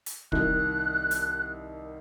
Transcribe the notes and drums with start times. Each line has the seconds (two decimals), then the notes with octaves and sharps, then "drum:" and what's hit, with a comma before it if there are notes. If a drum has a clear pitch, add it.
0.06 drum: hi-hat
0.32 C2 D#3 F#6, drum: kick
1.11 drum: hi-hat